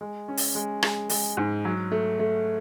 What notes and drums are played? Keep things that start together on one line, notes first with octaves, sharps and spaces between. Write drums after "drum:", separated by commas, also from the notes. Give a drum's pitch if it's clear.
G#3
C#4
drum: open hi-hat
G#3
G#3, drum: rim click
G#3, drum: open hi-hat
G#2
F#3
A3
A3